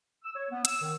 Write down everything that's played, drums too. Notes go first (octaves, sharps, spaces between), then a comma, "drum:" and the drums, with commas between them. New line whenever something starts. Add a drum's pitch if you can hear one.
E6
C#5
B3
E6, drum: hi-hat
D#3